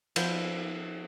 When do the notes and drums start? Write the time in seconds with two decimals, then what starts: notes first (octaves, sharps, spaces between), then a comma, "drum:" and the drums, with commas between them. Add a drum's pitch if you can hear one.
0.16 F3 B3 G5, drum: cymbal